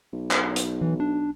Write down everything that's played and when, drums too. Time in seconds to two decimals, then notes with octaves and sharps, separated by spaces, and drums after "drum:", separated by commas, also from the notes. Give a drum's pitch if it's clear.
0.13 B1
0.31 drum: clap
0.56 drum: hi-hat
0.81 E3
1.00 D4